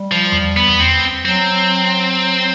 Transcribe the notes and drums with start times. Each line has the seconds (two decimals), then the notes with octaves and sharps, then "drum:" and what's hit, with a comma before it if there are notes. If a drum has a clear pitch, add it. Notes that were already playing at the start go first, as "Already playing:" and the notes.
Already playing: G3
0.12 F3
0.32 drum: tom E2
0.57 B3
0.68 drum: tom E2
0.79 C4
1.25 F#3 C4